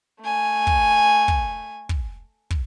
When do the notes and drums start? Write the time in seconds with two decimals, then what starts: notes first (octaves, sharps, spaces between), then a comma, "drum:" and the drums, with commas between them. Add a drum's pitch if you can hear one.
0.21 A3 G#5
0.67 drum: kick
1.28 drum: kick
1.89 drum: kick
2.50 drum: kick